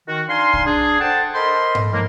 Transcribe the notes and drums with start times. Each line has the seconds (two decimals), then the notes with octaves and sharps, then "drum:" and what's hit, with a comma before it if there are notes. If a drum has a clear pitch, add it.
0.08 D#3 F#4
0.29 D4 D#4 F5 G#5 C6
0.54 drum: kick
0.65 D4 G#4
1.00 D3 C5 F#5 G5 A5
1.34 A4 A#4 C5 D#5 B5 C6
1.75 drum: tom G#2
1.93 D#3 F3 F#3 G#3 A#3